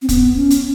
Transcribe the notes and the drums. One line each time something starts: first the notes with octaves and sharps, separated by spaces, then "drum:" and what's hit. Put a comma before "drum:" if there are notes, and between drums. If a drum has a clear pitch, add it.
C4
B3, drum: kick, hi-hat
C#4
drum: hi-hat